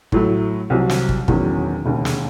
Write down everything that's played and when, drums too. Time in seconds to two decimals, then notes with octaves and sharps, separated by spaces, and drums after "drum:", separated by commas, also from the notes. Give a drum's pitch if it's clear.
0.12 A2 F#3 A3, drum: kick
0.70 C2 C3 F#3
0.89 drum: snare
1.09 drum: kick
1.28 E1 E2 D#3 F#3 C#4, drum: kick
1.86 E1 D#2 C#3
2.05 drum: snare